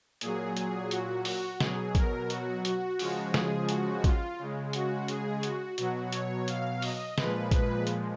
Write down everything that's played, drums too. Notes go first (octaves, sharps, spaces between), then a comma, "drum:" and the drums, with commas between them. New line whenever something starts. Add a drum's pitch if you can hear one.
A#2 F#3 G#4, drum: hi-hat
G#4, drum: hi-hat
F#4, drum: hi-hat
F#4, drum: open hi-hat
B2 F#3 G#4, drum: snare
A#4, drum: kick, hi-hat
F#4, drum: hi-hat
F#4, drum: hi-hat
C#3 F3 G#3, drum: open hi-hat
G#4, drum: snare
F#4, drum: hi-hat
F4, drum: kick, hi-hat
C#3 G#3
F#4, drum: hi-hat
G#4, drum: hi-hat
F#4, drum: hi-hat
B2 F#3 F#4, drum: hi-hat
C#5, drum: hi-hat
F5, drum: hi-hat
D#5, drum: open hi-hat
A#2 F3 G#3 B4, drum: snare
B4, drum: kick, hi-hat
drum: hi-hat